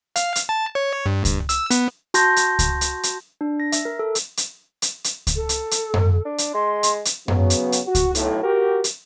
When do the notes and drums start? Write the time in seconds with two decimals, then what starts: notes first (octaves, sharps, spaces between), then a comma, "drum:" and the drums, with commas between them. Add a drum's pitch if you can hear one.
0.16 F5, drum: hi-hat
0.35 drum: hi-hat
0.49 A5
0.75 C#5
1.06 G2
1.25 drum: kick C#2, hi-hat
1.49 E6, drum: hi-hat
1.71 B3, drum: hi-hat
2.14 F#4 A5 C6 G6 A#6, drum: hi-hat
2.36 drum: hi-hat
2.59 drum: kick C#2, hi-hat
2.81 drum: hi-hat
3.03 drum: hi-hat
3.41 D4
3.60 A#6
3.72 E5, drum: hi-hat
3.85 A#4
3.99 A4
4.15 drum: hi-hat
4.37 drum: hi-hat
4.82 drum: hi-hat
5.04 drum: hi-hat
5.27 drum: kick C#2, hi-hat
5.36 A4
5.49 drum: hi-hat
5.71 drum: hi-hat
5.94 drum: tom F#2
6.25 D4
6.38 drum: hi-hat
6.54 G#3 C6
6.83 drum: hi-hat
7.05 drum: hi-hat
7.28 C#3 F#3 B3, drum: tom F#2
7.50 drum: hi-hat
7.72 drum: hi-hat
7.86 F#4
7.95 drum: kick C#2, hi-hat
8.15 B1 A2, drum: hi-hat
8.43 F#4 G4 A#4
8.84 drum: hi-hat